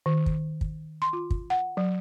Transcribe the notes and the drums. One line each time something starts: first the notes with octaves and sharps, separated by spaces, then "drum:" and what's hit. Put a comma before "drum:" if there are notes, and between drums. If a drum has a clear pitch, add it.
D#3
drum: kick
drum: kick
C6
F4
drum: kick
F#5
F#3